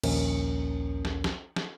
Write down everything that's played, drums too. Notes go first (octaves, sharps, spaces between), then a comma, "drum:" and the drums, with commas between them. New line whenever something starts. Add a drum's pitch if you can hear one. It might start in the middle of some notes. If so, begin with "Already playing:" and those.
A#1 D#2 C#4 A#4, drum: cymbal
drum: snare
drum: snare
drum: snare